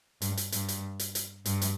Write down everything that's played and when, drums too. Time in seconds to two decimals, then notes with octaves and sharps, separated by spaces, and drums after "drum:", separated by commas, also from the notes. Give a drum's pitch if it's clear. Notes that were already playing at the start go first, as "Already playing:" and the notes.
0.22 G2, drum: hi-hat
0.37 drum: hi-hat
0.52 G2, drum: hi-hat
0.68 drum: hi-hat
0.99 drum: hi-hat
1.15 drum: hi-hat
1.45 G2, drum: hi-hat
1.62 drum: hi-hat